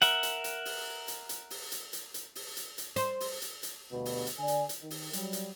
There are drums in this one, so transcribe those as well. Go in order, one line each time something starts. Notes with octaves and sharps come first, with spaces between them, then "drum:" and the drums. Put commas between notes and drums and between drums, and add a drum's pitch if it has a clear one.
A#4 E5 F#5, drum: hi-hat
drum: hi-hat
drum: hi-hat
drum: open hi-hat
drum: hi-hat
drum: hi-hat
drum: open hi-hat
drum: hi-hat
drum: hi-hat
drum: hi-hat
drum: open hi-hat
drum: hi-hat
drum: hi-hat
C5, drum: hi-hat
drum: open hi-hat
drum: hi-hat
drum: hi-hat
D2 G2 B2
drum: open hi-hat
drum: hi-hat
D3 D5 G#5
drum: hi-hat
drum: hi-hat
D#3
drum: open hi-hat
F#3 G3, drum: hi-hat
drum: hi-hat